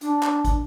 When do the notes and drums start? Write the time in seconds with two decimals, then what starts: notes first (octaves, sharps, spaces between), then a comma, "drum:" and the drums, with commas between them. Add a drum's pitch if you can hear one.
0.01 D4, drum: hi-hat
0.23 drum: clap
0.45 drum: kick, hi-hat